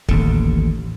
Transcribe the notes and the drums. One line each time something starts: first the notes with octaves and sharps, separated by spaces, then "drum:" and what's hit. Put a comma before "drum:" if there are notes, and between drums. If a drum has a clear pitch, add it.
A1 D#2 D3, drum: kick